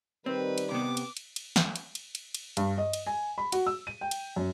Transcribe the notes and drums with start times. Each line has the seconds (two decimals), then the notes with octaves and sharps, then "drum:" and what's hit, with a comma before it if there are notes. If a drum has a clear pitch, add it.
0.26 D#3 G3 C4 B4
0.58 drum: cymbal
0.71 C3 B3 D6
0.97 drum: cymbal
1.17 drum: cymbal
1.36 drum: cymbal
1.56 drum: snare
1.76 drum: cymbal
1.95 drum: cymbal
2.15 drum: cymbal
2.34 drum: cymbal
2.57 G2, drum: cymbal
2.78 D#5
2.93 drum: cymbal
3.07 G#5
3.38 B5
3.52 F#4, drum: cymbal
3.66 E6
3.87 D#7
4.01 G5
4.11 drum: cymbal
4.36 F#2